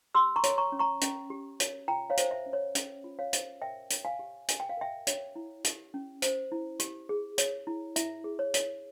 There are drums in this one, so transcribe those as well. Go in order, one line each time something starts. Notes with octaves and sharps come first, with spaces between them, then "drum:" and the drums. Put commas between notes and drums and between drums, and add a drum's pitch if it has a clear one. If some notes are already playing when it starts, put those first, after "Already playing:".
G4 C6 E6
A#5 C#6
C#5, drum: hi-hat
A#5 C#6
C#4
A#5 C#6
C#4, drum: hi-hat
G4
C#5, drum: hi-hat
F4 G5 A#5
C#5 F5
C5, drum: hi-hat
E5
C#4
C#5
C#4, drum: hi-hat
F4
C#5 F5
C5, drum: hi-hat
A#4 E5 G5
C#5, drum: hi-hat
F5 G#5
G4
G4 G#5, drum: hi-hat
G5
F5
A#4 E5 G5
C#5, drum: hi-hat
E4
G4, drum: hi-hat
C#4
C5, drum: hi-hat
E4
G4, drum: hi-hat
G#4
C#5, drum: hi-hat
E4
E4 E5, drum: hi-hat
G#4
C#5
C#5, drum: hi-hat